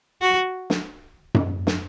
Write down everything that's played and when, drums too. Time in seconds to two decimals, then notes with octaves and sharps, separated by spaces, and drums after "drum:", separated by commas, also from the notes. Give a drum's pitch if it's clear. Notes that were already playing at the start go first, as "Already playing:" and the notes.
0.21 F#4
0.70 drum: snare
1.34 drum: tom F#2
1.67 drum: snare